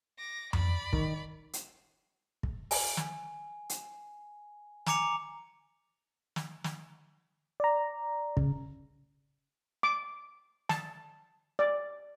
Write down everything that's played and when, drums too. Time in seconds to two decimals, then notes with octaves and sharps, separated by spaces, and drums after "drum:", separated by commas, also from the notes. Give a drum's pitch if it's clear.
0.19 D6 A#6
0.53 D5 B5, drum: tom F2
0.93 D#3, drum: kick
1.53 drum: hi-hat
2.43 drum: kick
2.71 G#5, drum: open hi-hat
2.97 drum: snare
3.70 drum: hi-hat
4.86 G#5 A#5 D6 C#7 F7, drum: snare
6.36 drum: snare
6.64 drum: snare
7.60 D5 A#5
8.37 C#3, drum: kick
9.83 D6
10.69 A5, drum: snare
11.59 D5